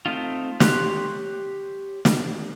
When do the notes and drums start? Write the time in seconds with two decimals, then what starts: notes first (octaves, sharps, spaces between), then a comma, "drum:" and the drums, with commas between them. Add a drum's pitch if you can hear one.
0.06 A3 C4 D#4 F4
0.60 G4 C#5 C6 F#6, drum: snare
2.05 drum: snare